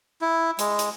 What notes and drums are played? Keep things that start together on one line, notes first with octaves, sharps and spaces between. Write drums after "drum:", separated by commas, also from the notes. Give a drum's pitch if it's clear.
E4
G#3, drum: hi-hat
drum: hi-hat